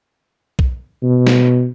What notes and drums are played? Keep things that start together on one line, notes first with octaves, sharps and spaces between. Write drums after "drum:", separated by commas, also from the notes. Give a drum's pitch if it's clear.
drum: kick B1
B2
drum: snare